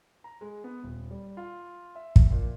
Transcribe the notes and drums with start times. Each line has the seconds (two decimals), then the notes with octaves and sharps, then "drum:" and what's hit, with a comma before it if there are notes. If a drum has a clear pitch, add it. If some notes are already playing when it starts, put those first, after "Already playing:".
0.24 A#5
0.41 G#3
0.64 B3
0.83 D#1
1.11 G3
1.37 F4
1.95 E5
2.16 drum: kick
2.31 A#2